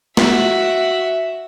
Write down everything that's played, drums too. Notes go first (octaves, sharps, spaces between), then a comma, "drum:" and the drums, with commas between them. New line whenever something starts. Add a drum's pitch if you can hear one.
F#4 E5, drum: snare